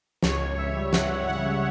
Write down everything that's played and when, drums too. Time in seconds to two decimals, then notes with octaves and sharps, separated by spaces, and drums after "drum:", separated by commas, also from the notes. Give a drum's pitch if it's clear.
0.23 C#2 C#5, drum: snare
0.40 C#2
0.57 C#2 E5
0.75 G3
0.93 C#2 F#5, drum: snare
1.10 C#2
1.27 C#3 F#5
1.45 C#3